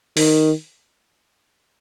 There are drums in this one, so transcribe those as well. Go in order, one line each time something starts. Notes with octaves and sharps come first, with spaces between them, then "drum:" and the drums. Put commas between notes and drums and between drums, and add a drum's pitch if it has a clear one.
D#3, drum: open hi-hat